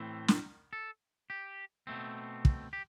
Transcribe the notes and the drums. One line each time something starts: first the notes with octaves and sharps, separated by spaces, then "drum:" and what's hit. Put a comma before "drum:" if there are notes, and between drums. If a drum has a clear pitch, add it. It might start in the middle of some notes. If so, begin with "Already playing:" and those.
Already playing: A2 E3 A3 C4
drum: snare
A4
G4
B2 A3 C4
drum: kick
G4